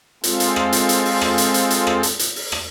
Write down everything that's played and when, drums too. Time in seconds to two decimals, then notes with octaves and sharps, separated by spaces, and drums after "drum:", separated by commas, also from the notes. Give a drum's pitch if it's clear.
0.24 G#3 C4 F4 A4, drum: hi-hat
0.40 drum: hi-hat
0.56 drum: rim click
0.72 drum: hi-hat
0.89 drum: hi-hat
1.05 drum: open hi-hat
1.21 drum: rim click
1.38 drum: hi-hat
1.54 drum: hi-hat
1.70 drum: hi-hat
1.87 drum: rim click
2.03 drum: hi-hat
2.19 drum: hi-hat
2.36 drum: open hi-hat
2.52 drum: rim click